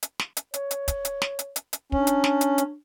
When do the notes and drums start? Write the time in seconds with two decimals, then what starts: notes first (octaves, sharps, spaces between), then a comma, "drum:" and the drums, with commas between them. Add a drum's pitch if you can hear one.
0.03 drum: hi-hat
0.20 drum: snare
0.37 drum: hi-hat
0.54 C#5, drum: hi-hat
0.71 drum: hi-hat
0.88 drum: kick, hi-hat
1.05 drum: hi-hat
1.22 drum: snare
1.39 drum: hi-hat
1.56 drum: hi-hat
1.73 drum: hi-hat
1.92 C#4 D4, drum: kick
2.07 drum: hi-hat
2.24 drum: snare
2.41 drum: hi-hat
2.58 drum: hi-hat